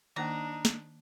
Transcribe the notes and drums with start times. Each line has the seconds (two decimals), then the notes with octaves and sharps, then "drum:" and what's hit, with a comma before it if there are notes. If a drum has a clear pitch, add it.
0.16 D#3 A#3 D4 D#4 G5 A#5
0.65 drum: snare